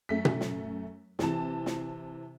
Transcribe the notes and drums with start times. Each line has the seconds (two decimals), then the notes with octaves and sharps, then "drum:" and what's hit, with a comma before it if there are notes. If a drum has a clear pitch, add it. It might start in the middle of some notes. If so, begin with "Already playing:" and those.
0.09 F#2 A3 B6
0.25 drum: tom B2
0.41 drum: snare
1.19 C3 E3 A5, drum: snare
1.66 drum: snare